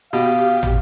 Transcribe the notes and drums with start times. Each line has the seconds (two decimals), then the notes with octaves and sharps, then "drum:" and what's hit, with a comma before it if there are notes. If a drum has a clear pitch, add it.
0.13 B2 G4 F5
0.63 drum: tom